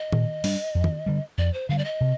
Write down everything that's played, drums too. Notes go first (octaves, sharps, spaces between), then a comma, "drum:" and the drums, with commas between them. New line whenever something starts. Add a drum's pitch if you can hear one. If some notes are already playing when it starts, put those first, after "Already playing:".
Already playing: D#5
A#2, drum: tom D#3
G3 D4, drum: open hi-hat
F2
drum: tom D#3
D3 G3
F2 D5
C5
D3 G3 F5
D5
D#5
C3